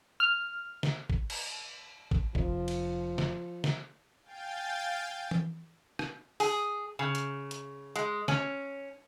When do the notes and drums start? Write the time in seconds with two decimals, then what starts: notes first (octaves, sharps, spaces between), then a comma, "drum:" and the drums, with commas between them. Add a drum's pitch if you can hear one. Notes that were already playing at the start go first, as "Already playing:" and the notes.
0.20 F6
0.83 drum: snare
1.10 drum: kick
1.30 drum: cymbal
2.11 drum: kick
2.35 F1 F3, drum: kick
2.68 drum: cymbal
3.18 drum: snare
3.64 drum: snare
4.23 F5 G5 G#5 G6 A6
5.31 drum: tom E3
5.99 drum: rim click
6.40 G#4, drum: open hi-hat
6.99 C#3
7.15 drum: hi-hat
7.51 drum: hi-hat
7.96 G#3, drum: hi-hat
8.28 C#4, drum: snare